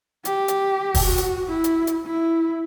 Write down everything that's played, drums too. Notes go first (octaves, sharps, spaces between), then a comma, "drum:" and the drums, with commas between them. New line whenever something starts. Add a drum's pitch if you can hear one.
G4, drum: hi-hat
drum: hi-hat
drum: kick, open hi-hat
F#4
drum: hi-hat
E4
drum: hi-hat
drum: hi-hat
E4